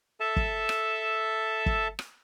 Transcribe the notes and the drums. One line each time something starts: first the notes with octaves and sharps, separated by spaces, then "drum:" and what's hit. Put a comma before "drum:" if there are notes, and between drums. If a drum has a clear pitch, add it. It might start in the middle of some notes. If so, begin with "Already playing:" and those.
A4 E5 A5
drum: kick
drum: rim click
drum: kick
drum: rim click